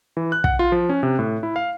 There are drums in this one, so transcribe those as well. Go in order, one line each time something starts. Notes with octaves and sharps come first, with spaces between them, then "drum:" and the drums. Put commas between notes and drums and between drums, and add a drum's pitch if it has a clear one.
E3
F#6
F#5, drum: kick
F4
F3
C#4
C3
A2
E4
F5